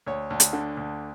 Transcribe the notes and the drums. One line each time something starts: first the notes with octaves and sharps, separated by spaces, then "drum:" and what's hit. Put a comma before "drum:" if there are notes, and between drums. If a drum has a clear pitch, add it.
D2 C#5
D2
drum: hi-hat
D3
D2